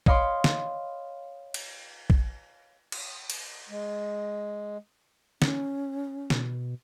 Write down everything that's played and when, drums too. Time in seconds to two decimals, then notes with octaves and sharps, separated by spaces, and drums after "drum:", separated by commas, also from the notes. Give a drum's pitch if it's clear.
0.06 C#5 D#5 F5 B5 C6 D6, drum: kick
0.44 drum: snare
1.54 drum: cymbal
2.10 drum: kick
2.92 drum: cymbal
3.30 drum: cymbal
3.69 G#3
5.42 C#4, drum: snare
6.30 B2, drum: snare